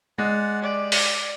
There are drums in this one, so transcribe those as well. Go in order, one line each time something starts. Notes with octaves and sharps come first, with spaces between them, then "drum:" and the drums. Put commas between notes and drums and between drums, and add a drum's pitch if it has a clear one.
G#3 D5 F#5
G4 D5
drum: open hi-hat